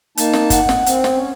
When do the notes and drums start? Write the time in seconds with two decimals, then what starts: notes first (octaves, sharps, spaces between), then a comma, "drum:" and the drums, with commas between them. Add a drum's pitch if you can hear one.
0.17 A#3 D#4 A5, drum: hi-hat
0.33 drum: snare
0.50 F#5, drum: kick F#1, hi-hat
0.69 drum: snare
0.86 C4, drum: hi-hat
1.04 drum: snare
1.13 C#4